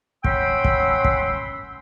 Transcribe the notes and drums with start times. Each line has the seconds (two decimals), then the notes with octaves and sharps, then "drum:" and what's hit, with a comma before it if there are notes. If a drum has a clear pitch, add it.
0.24 C#4 F#5 G5 B5 C6 E6, drum: kick
0.64 drum: kick
1.04 drum: kick